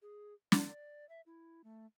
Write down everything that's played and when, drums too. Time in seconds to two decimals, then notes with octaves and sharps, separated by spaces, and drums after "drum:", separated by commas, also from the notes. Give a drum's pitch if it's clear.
0.02 G#4
0.52 D5, drum: snare
1.09 E5
1.26 E4
1.64 A3